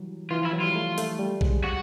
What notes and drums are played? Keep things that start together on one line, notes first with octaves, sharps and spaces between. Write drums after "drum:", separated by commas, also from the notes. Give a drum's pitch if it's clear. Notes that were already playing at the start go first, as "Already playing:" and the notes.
Already playing: E3 F#3 G3
E3 F4
F3 E4
F#3
G3 F4
A3
A3, drum: hi-hat
G3
G#3, drum: kick B1
F#4